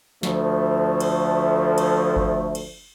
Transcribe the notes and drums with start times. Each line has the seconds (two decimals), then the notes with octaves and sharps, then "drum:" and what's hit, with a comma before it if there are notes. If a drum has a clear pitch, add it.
0.23 D2 F3 A3, drum: snare
1.00 drum: cymbal
1.78 drum: cymbal
2.16 drum: kick G1
2.55 drum: cymbal